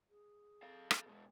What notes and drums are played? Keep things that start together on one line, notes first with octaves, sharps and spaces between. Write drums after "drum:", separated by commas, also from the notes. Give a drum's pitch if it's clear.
G#4
A4 F5
drum: rim click
B2 G#3